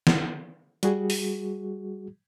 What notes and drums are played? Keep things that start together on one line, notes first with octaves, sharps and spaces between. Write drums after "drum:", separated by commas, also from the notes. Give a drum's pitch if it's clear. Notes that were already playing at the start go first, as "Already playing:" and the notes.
drum: snare
G3 F#4 G#4, drum: hi-hat
drum: open hi-hat